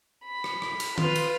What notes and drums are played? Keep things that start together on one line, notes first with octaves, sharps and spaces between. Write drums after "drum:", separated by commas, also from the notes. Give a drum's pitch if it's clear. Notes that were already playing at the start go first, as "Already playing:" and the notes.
B5
drum: rim click
drum: rim click
drum: cymbal
F4 B4, drum: tom D#3
drum: cymbal